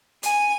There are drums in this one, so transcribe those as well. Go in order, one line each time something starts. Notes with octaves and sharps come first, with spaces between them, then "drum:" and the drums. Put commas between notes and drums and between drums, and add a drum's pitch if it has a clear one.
G#5, drum: hi-hat